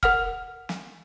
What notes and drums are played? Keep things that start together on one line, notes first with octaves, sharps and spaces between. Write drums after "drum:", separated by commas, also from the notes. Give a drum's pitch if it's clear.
A#4 F#5 F6, drum: kick
drum: snare